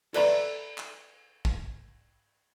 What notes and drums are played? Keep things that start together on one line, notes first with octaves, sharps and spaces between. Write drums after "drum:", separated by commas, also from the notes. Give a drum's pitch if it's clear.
A4 B4 D5 E5 A#5 B5, drum: cymbal
drum: clap
drum: kick